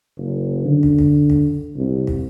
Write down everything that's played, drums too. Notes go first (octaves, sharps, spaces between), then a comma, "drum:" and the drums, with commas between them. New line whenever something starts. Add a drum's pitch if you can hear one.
F#1
D3
drum: kick
drum: kick
drum: kick
C2
drum: kick